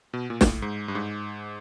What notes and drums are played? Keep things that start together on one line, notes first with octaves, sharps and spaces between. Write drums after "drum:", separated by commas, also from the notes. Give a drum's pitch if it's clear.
B2
A#2
A#2, drum: snare
A2
G#2
G2
G#2